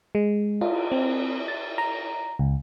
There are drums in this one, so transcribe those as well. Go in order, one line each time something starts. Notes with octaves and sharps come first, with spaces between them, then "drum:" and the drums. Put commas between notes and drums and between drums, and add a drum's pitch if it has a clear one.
G#3
F4, drum: cymbal
C4
A6
A#5
C#2